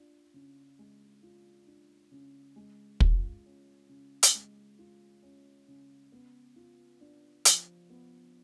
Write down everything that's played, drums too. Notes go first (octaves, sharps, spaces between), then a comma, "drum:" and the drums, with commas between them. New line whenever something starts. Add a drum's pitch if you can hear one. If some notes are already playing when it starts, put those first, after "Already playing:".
Already playing: D4 F4
C#3
G#3
F4
D4
C#3
G#3
F4, drum: kick
C#4
C#3
drum: hi-hat
G#3
F4
C#4
C#3
B3
F4
D4
F3, drum: hi-hat
B3